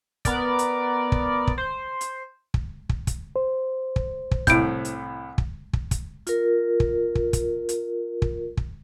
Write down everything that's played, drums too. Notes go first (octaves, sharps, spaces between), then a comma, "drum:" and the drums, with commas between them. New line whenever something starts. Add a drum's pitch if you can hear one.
B3 A#4 D5, drum: kick, hi-hat
drum: hi-hat
drum: kick
drum: kick
C5
drum: hi-hat
drum: kick
drum: kick
drum: kick, hi-hat
C5
drum: kick
drum: kick
C2 A2 G6 D7, drum: kick, hi-hat
drum: hi-hat
drum: kick
drum: kick
drum: kick, hi-hat
F4 A#4, drum: hi-hat
drum: kick
drum: kick
drum: kick, hi-hat
drum: hi-hat
drum: kick
drum: kick